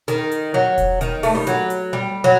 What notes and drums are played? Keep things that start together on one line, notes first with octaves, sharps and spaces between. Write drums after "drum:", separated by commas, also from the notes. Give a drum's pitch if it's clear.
D#3, drum: hi-hat
drum: hi-hat
F#3
drum: kick E1, hi-hat
D#3, drum: hi-hat
A3, drum: open hi-hat
G3
F#3, drum: hi-hat
drum: hi-hat
G3
F#3